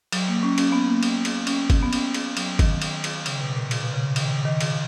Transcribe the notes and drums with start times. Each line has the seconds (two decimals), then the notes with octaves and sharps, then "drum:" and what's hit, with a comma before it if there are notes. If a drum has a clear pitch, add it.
0.12 F#3, drum: cymbal
0.28 A#3
0.43 C#4
0.58 C#4, drum: cymbal
0.72 B3
0.87 A#3
1.03 drum: cymbal
1.25 drum: cymbal
1.47 C#4, drum: cymbal
1.70 drum: kick G1, cymbal
1.82 B3
1.93 C#4, drum: cymbal
2.14 drum: cymbal
2.37 F#3, drum: cymbal
2.59 D#3, drum: kick G1, cymbal
2.82 drum: cymbal
3.04 drum: cymbal
3.26 C#3, drum: cymbal
3.41 B2
3.56 A#2
3.71 drum: cymbal
3.84 B2
3.93 C#3
4.16 D#3, drum: cymbal
4.31 C#3
4.45 D#3
4.61 drum: cymbal